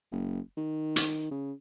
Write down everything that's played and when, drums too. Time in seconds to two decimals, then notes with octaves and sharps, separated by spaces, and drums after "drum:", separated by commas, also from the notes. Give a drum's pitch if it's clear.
0.12 F#1
0.57 D#3
0.96 drum: hi-hat
1.31 C#3